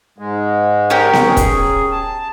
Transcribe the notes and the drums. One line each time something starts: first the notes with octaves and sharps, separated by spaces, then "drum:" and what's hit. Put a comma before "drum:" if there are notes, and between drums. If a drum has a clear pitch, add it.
G#2 G#3
C#4 G4 A#4
drum: snare B3
G#4
drum: kick E1, hi-hat
A5